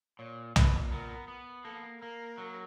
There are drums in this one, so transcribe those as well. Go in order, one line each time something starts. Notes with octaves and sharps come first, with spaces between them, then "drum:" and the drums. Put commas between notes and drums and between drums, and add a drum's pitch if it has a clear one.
A#2 C#5
A#2 B4, drum: tom B1
B3 A#4
B3
A#3 A4
A#3 A#4
F#3